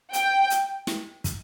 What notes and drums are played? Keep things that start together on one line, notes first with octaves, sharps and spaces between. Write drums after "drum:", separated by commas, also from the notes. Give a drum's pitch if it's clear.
G5, drum: hi-hat
drum: hi-hat
drum: snare
drum: kick, hi-hat